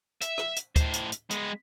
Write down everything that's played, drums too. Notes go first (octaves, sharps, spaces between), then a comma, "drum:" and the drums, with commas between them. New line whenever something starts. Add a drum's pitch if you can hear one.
E5, drum: hi-hat
drum: rim click
drum: hi-hat
A2 C5, drum: kick, hi-hat
drum: hi-hat
drum: hi-hat
G#3 B3, drum: hi-hat